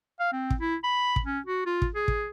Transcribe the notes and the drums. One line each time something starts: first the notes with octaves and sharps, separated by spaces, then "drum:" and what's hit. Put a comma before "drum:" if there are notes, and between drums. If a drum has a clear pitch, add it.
F5
C4
drum: kick
E4
B5
drum: kick
C#4
F#4
F4
drum: kick
G#4
drum: kick